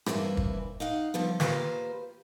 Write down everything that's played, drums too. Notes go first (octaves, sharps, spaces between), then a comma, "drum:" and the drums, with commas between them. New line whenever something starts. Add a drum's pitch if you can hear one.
G2 E3 A#3 C4 E4, drum: rim click
drum: kick
D#4 F5 F#5
D3 F3 G3 B3
A#3 F4 G4 B4 C5, drum: snare